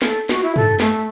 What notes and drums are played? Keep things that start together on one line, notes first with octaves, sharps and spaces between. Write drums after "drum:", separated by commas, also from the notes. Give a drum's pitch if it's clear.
A4, drum: snare
F#4, drum: snare
E4
A4, drum: tom
A3, drum: snare